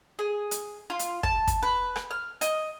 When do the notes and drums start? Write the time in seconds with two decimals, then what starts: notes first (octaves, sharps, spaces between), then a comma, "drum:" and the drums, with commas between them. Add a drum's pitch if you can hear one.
0.19 G#4
0.51 drum: hi-hat
0.90 F4
0.99 drum: hi-hat
1.23 A5, drum: kick
1.47 drum: kick, hi-hat
1.63 B4
1.96 drum: rim click
2.11 F6
2.41 D#5, drum: hi-hat